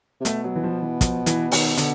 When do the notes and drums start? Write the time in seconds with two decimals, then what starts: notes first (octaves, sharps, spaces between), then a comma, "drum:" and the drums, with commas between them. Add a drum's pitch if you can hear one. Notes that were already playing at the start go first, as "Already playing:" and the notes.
0.20 C3
0.25 B2 A3, drum: hi-hat
0.44 F#3
0.56 E3
0.63 F3
0.82 E3
1.01 F3, drum: kick, hi-hat
1.26 E3, drum: hi-hat
1.52 D#3, drum: open hi-hat
1.77 D3, drum: hi-hat